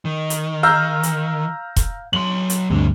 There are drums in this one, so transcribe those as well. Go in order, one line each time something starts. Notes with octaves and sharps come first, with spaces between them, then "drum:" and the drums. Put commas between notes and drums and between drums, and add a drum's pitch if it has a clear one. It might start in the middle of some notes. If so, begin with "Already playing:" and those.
D#3
drum: hi-hat
F5 A#5 E6 G6
drum: hi-hat
drum: kick E1, hi-hat
F#3 C6 F#7
drum: hi-hat
D2 G2 C3 D4